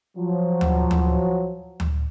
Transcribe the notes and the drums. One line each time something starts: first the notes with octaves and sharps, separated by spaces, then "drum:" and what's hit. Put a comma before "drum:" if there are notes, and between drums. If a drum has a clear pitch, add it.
F3 F#3
drum: tom D2
drum: tom D2
drum: tom D2